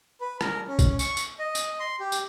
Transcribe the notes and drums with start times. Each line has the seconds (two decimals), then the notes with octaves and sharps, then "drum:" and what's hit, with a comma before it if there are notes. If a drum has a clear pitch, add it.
0.21 B4
0.41 A#4, drum: rim click
0.68 C#4
0.79 drum: kick, tambourine
0.99 C#6, drum: tambourine
1.17 drum: tambourine
1.39 D#5
1.55 drum: tambourine
1.79 C6
2.00 G4
2.12 drum: tambourine